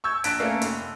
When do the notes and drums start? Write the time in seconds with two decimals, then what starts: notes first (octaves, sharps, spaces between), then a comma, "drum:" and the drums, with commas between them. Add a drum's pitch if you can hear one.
0.04 C#6 E6 G6 G#6
0.24 A#1 A5 F#6 B6 D7, drum: hi-hat
0.40 A3 A#3 C#4 F5
0.61 F1, drum: hi-hat